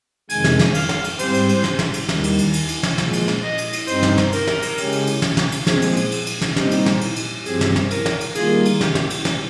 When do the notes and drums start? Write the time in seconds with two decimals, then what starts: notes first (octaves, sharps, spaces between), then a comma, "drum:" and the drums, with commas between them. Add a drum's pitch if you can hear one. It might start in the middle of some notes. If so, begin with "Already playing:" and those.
0.30 F2 C3 D#3 G#3 G#5, drum: cymbal
0.44 drum: snare
0.59 drum: snare
0.74 F5, drum: cymbal
0.89 drum: snare
1.04 drum: cymbal
1.19 G#2 G3 C4 G4 C5, drum: cymbal
1.34 drum: cymbal
1.49 drum: cymbal
1.64 drum: snare
1.79 drum: snare
1.94 drum: cymbal
2.09 D#2 D#3 G3, drum: snare
2.24 drum: cymbal
2.38 drum: cymbal
2.53 drum: cymbal
2.68 drum: cymbal
2.83 drum: snare
2.98 A#2 F3 G#3, drum: snare
3.13 drum: cymbal
3.28 drum: snare
3.43 D#5
3.58 drum: cymbal
3.73 drum: cymbal
3.87 G2 G3 C4 D#4 C5, drum: cymbal
4.03 drum: snare
4.18 drum: snare
4.32 A#4, drum: cymbal
4.47 drum: snare
4.62 drum: cymbal
4.78 C#3 G#3 C#4 G4, drum: cymbal
4.92 drum: cymbal
5.07 drum: cymbal
5.22 drum: snare
5.37 drum: snare
5.52 drum: cymbal
5.67 A#2 F3 G#3 C4 G#4, drum: snare
5.82 drum: cymbal
5.97 drum: cymbal
6.12 drum: cymbal
6.27 drum: cymbal
6.41 drum: snare
6.56 A#2 G3 C4 D#4 G4, drum: snare
6.71 drum: cymbal
6.86 drum: snare
7.01 drum: cymbal
7.16 drum: cymbal
7.46 G2 F3 C4 G4 G#4, drum: cymbal
7.61 drum: snare
7.76 drum: snare
7.91 A#4, drum: cymbal
8.06 drum: snare
8.21 drum: cymbal
8.35 D#3 G3 A#3 F4 G#4, drum: cymbal
8.65 drum: cymbal
8.81 G4, drum: snare
8.95 drum: snare
9.10 drum: cymbal
9.25 drum: snare